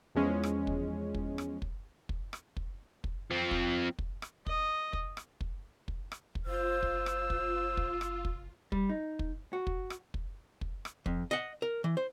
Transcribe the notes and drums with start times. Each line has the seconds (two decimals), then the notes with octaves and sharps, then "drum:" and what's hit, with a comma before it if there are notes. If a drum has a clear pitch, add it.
0.15 E2 F3 G#3 C#4
0.43 drum: rim click
0.67 drum: kick
1.14 drum: kick
1.38 drum: rim click
1.62 drum: kick
2.09 drum: kick
2.33 drum: rim click
2.57 drum: kick
3.04 drum: kick
3.31 F3 C4
3.51 drum: kick
3.99 drum: kick
4.22 drum: rim click
4.46 D#5, drum: kick
4.93 drum: kick
5.17 drum: rim click
5.41 drum: kick
5.88 drum: kick
6.12 drum: rim click
6.35 drum: kick
6.45 F#1 F4 C5 E6
6.83 drum: kick
7.06 drum: rim click
7.30 drum: kick
7.77 drum: kick
8.01 drum: rim click
8.25 drum: kick
8.72 G3, drum: kick
8.89 D#4
9.19 drum: kick
9.53 F#4
9.67 drum: kick
9.90 drum: rim click
10.14 drum: kick
10.61 drum: kick
10.85 drum: rim click
11.06 F2, drum: kick
11.31 D#5 F#5
11.62 A#4
11.84 E3
11.97 C5